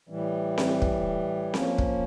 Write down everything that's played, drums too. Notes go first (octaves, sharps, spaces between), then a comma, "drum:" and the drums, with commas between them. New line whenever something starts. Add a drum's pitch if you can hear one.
A2 E3 G3
drum: snare C4
drum: kick
F3 A#3 C#4, drum: snare C4
drum: kick